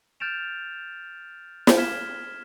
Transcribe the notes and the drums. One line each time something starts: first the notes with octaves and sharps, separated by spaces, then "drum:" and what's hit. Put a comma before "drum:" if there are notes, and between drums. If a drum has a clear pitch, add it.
F6 G6 A6 D7 E7 F7
drum: snare
F6 G#6 B6 E7 G7